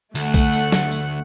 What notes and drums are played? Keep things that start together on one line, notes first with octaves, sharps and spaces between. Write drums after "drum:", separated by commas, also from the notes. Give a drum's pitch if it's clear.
D2 A3 F#5, drum: tambourine
drum: kick, tambourine
drum: tambourine
drum: snare
drum: tambourine